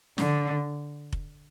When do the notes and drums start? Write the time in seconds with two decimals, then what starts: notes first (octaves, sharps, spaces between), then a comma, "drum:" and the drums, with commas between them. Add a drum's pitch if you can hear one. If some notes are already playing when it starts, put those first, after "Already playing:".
0.18 D3, drum: snare
1.13 drum: kick F1